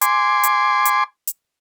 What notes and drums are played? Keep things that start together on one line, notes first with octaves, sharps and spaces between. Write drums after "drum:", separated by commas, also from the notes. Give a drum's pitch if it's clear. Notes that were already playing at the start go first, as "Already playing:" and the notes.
G#5 C6 D6, drum: hi-hat
drum: hi-hat
drum: hi-hat
drum: hi-hat